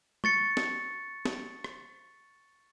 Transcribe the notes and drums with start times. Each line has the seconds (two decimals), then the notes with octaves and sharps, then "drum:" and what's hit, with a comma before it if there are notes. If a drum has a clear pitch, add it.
0.24 C#6 A6 C#7, drum: tom
0.57 drum: snare
1.25 drum: snare
1.64 drum: rim click